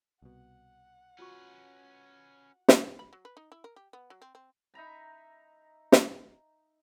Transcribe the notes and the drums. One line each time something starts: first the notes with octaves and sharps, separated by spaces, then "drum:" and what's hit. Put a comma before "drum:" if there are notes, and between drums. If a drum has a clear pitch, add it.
C2 B2 F#5
C#4 F4 F#4 B4 C#6
drum: snare
C5
B5
F#3
B4
D#4
E4
A#4
G4
B3
F#3
C4
C4
D#4 E5 A#5 B5
drum: snare